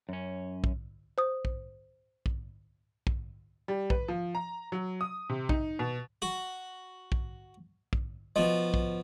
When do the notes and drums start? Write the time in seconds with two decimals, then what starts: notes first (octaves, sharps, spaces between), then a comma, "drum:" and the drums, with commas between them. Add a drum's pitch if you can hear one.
0.09 F#2 C#4
0.64 drum: kick A#1
1.18 C5 D#6
1.45 drum: kick A#1
2.26 drum: kick A#1
3.07 drum: kick A#1
3.68 G3
3.90 B4, drum: kick A#1
4.08 F3
4.35 A#5
4.72 F#3
5.01 D#6
5.29 C3
5.49 D#4, drum: kick A#1
5.79 B2
6.22 F#4
7.12 drum: kick A#1
7.93 drum: kick A#1
8.36 B2 F3 D#5
8.74 drum: kick A#1